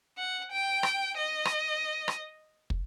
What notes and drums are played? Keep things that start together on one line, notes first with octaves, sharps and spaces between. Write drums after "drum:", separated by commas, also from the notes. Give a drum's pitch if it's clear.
F#5
G5
drum: rim click
D#5
drum: rim click
drum: rim click
drum: kick